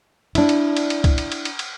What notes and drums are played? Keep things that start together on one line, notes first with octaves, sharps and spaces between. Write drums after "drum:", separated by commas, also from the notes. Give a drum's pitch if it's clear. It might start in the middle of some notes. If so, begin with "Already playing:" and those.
D4 E4, drum: cymbal
drum: cymbal
drum: cymbal
drum: cymbal
drum: kick C2, cymbal
drum: cymbal
drum: cymbal
drum: cymbal
drum: cymbal